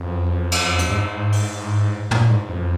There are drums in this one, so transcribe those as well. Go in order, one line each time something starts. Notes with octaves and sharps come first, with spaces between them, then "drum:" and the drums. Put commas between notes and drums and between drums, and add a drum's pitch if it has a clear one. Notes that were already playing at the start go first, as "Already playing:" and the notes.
Already playing: F2
drum: cymbal
drum: hi-hat
G2
G#2
drum: open hi-hat
A#2, drum: tom
G#2
F2